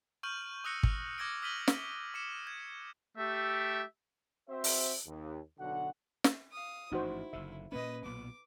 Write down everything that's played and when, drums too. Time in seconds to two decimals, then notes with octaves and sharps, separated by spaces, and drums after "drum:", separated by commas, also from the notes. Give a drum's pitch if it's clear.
0.23 C#6 F6 G6 D#7 F#7
0.64 C#6 D#6 E6 F#6 A#6 C#7
0.83 drum: kick
1.18 D6 F6 G#6 A#6 C#7 D7
1.42 D#6 F6 B6 D#7 F#7 G7
1.68 drum: snare
2.14 D6 C#7 E7
2.47 G#6
3.18 A3 G4 E5
4.49 C4 F#4 C5 E5
4.64 drum: open hi-hat
5.07 D#2
5.59 B1 D3 F#4 F#5
6.24 drum: snare
6.52 F5 D#6
6.92 A1 G#2 F3 D#4 E4 F#4 C5
7.33 F#1 D3 E5
7.72 A#2 A#3 C#4 B4 D#5
8.05 B1 A#2 B3 D6